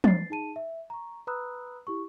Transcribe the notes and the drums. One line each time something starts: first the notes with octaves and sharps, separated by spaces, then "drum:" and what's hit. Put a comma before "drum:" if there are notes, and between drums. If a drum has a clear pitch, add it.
A6 C7, drum: tom
D#4 G#4 A5 D#7
E5
A#5 C#6
B4 A#5 B5 D#6 E6 F#6
E4 G4 C#6